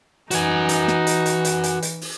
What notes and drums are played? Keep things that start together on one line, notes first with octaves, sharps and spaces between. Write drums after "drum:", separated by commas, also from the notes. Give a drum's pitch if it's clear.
E3 D#4 F#4 G#5, drum: hi-hat
drum: hi-hat
drum: snare
drum: hi-hat
drum: hi-hat
drum: hi-hat
drum: hi-hat
drum: hi-hat
drum: open hi-hat